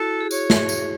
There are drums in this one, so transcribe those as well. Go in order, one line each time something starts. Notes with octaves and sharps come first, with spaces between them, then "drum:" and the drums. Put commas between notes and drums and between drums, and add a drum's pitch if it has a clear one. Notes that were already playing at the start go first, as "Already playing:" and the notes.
Already playing: E4 F#4 A4
G#4
F#4 C#5, drum: tambourine
drum: snare
drum: tambourine